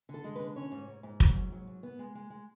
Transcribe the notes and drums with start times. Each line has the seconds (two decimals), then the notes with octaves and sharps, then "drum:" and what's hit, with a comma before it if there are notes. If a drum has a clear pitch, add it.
0.09 D3
0.14 A4
0.24 G#3
0.36 B4
0.40 D3
0.56 C#4 C#5
0.72 G#2
0.88 G#2
1.03 G#2
1.20 F#3, drum: kick
1.36 G#2
1.52 F#3
1.67 G#2
1.83 B3
1.99 G#3
2.15 G#3
2.30 G#3